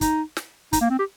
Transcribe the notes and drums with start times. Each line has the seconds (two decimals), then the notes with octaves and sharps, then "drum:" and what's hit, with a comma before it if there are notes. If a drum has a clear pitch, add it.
0.01 D#4, drum: kick, hi-hat
0.37 drum: snare
0.73 D#4, drum: kick, hi-hat
0.81 A#3
0.90 C4
0.99 G4